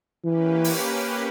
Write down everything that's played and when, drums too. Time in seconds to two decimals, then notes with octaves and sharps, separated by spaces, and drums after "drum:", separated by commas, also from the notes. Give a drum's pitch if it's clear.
0.24 E3 A#3 C#4 G4 B4
0.64 drum: open hi-hat